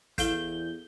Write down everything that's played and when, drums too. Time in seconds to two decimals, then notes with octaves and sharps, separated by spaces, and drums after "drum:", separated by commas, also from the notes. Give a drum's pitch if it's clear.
0.18 E2 E4 A4 F5 G6 G7, drum: kick, hi-hat